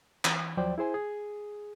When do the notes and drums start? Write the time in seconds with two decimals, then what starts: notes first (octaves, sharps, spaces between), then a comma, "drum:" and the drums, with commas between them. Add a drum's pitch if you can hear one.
0.25 E3, drum: clap
0.57 D#2 F3 F#3 C5 D5 G5
0.78 E4 G#4 C5 G#5
0.94 G#4